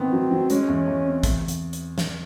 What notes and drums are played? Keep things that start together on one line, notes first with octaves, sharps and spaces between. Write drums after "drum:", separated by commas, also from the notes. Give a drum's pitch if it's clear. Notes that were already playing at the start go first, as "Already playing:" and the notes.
Already playing: D#3 B3 C4
F#3
F#3
G#3 C#4, drum: hi-hat
E2
E2
C4
E2, drum: kick, hi-hat
drum: hi-hat
drum: hi-hat
drum: snare